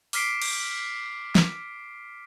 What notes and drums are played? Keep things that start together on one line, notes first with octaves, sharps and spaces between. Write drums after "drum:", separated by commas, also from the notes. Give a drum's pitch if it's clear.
D6 F6 B6 C7 D7, drum: open hi-hat
drum: cymbal
drum: snare